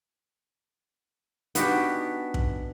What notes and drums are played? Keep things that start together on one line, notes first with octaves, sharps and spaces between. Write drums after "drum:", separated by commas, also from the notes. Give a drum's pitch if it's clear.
B3 D4 D#4 F#4 G4 B6, drum: hi-hat
drum: kick